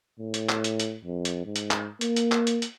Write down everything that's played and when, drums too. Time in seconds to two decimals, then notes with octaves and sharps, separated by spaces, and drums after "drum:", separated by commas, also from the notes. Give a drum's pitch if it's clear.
0.20 A2
0.34 drum: hi-hat
0.49 drum: clap
0.64 drum: hi-hat
0.80 drum: hi-hat
1.04 F2
1.25 drum: hi-hat
1.46 G#2
1.56 drum: hi-hat
1.71 drum: clap
2.01 A#3, drum: hi-hat
2.16 drum: hi-hat
2.32 drum: clap
2.47 drum: hi-hat
2.62 drum: hi-hat